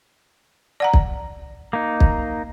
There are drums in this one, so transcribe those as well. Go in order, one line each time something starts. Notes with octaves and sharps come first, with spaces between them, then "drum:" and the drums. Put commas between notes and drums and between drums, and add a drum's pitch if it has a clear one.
D5 F#5 A#5
drum: kick
A#3 D#4
drum: kick